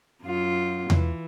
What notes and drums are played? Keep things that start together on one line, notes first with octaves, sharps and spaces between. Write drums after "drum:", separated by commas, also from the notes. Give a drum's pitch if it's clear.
F#2 F4
E3, drum: tom E2